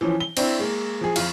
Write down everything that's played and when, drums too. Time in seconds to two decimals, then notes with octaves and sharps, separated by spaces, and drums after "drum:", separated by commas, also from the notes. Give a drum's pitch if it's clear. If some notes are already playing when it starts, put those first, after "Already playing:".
0.01 E3 F3 C#4
0.20 G7
0.37 C4 D4 E4, drum: cymbal
0.59 G#3 A#3
1.01 F3 G#4
1.16 F2 F4, drum: cymbal